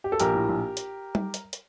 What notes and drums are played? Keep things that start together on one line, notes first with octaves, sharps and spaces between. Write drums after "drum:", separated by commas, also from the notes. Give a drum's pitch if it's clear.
G4
A4
A#1 G4 A#4, drum: hi-hat
A2
A#1
drum: hi-hat
drum: tom G3
drum: hi-hat
drum: hi-hat